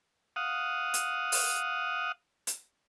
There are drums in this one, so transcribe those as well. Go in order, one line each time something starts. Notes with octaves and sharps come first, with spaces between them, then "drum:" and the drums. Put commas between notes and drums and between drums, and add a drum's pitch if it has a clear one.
F5 F#5 D#6
drum: hi-hat
drum: open hi-hat
drum: hi-hat